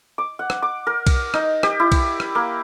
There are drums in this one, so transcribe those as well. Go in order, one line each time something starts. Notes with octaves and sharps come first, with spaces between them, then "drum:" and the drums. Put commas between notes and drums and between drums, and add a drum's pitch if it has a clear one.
D6
F#5
drum: rim click
D6
A#4
drum: kick B1, cymbal
D#4, drum: rim click
G4, drum: rim click
E4
drum: kick B1, cymbal
drum: rim click
A#3